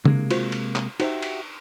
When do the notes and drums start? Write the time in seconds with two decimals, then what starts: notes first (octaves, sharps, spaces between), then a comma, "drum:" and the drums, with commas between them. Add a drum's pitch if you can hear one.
0.05 C3 G#3 A#3, drum: tom C#3
0.31 F4 F#4 C5, drum: cymbal
0.52 drum: cymbal
0.76 drum: clap
1.00 D#4 F#4 G4 C5 E5, drum: cymbal
1.22 drum: cymbal